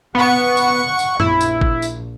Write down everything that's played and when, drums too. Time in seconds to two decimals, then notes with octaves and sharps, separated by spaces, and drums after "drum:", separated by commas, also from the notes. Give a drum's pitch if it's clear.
0.15 B3 F#5 C#6
0.57 drum: tambourine
0.99 drum: tambourine
1.20 A#1 E4, drum: tom F#2
1.41 drum: tambourine
1.61 drum: kick G#1
1.82 drum: tambourine